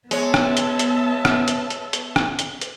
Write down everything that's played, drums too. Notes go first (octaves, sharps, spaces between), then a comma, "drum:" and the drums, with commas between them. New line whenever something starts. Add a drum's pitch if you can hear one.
G#3 B3 C#5 E5 A5, drum: hi-hat
drum: rim click
drum: hi-hat
drum: hi-hat
drum: rim click
drum: hi-hat
drum: hi-hat
drum: hi-hat
drum: rim click
drum: hi-hat
drum: hi-hat